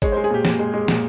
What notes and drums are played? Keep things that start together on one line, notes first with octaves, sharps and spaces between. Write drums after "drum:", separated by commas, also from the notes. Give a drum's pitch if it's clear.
G#3 C#5, drum: kick A1, tambourine
G#3 C5
G#4
A#2 G4
A#2, drum: snare
G#3
G#3
A#2, drum: snare